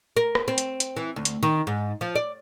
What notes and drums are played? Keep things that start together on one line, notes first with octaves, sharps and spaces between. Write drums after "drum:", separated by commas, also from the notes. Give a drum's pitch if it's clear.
A#4
drum: rim click
C4
drum: hi-hat
drum: hi-hat
E3
D2
drum: hi-hat
D#3
G#2
F3
D5